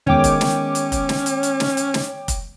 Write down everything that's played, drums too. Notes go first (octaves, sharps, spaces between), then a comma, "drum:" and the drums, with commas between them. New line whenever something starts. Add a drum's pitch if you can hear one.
D#3 G#3 B3 C#4 C#5 G5 D6, drum: tom
drum: kick F1, hi-hat
drum: snare
drum: hi-hat
drum: kick F1, hi-hat
drum: snare
drum: hi-hat
drum: hi-hat
drum: snare
drum: hi-hat
drum: snare
drum: kick F1, hi-hat